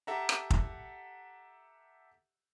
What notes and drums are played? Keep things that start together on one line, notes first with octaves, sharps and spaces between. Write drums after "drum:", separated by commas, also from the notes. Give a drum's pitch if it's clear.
G4 A4 E5 F#5 A#5
drum: rim click
drum: kick